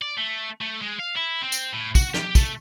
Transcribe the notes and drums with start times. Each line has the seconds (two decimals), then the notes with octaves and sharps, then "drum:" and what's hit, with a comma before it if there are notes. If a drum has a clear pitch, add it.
0.02 D5
0.18 A3
0.61 A3
0.82 G#3
1.00 F5
1.17 E4
1.42 C4
1.52 drum: tambourine
1.73 A2
1.95 F#4, drum: kick, tambourine
2.14 G4, drum: snare
2.35 A3, drum: kick, tambourine